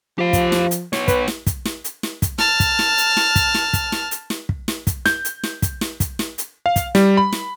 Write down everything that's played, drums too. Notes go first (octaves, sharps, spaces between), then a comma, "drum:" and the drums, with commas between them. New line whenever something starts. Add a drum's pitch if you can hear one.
F3 G4 F5
drum: kick, hi-hat
drum: snare
drum: hi-hat
B3 C#5, drum: snare
B4, drum: kick, hi-hat
drum: snare
drum: kick, hi-hat
drum: snare
drum: hi-hat
drum: snare
drum: kick, hi-hat
A5 F6, drum: snare
drum: kick, hi-hat
drum: snare
drum: hi-hat
drum: snare
drum: kick, hi-hat
drum: snare
drum: kick, hi-hat
drum: snare
drum: hi-hat
drum: snare
drum: kick
drum: snare
drum: kick, hi-hat
G6, drum: snare
drum: hi-hat
drum: snare
drum: kick, hi-hat
drum: snare
drum: kick, hi-hat
drum: snare
drum: hi-hat
F5
drum: kick, hi-hat
G3, drum: snare
B5
drum: snare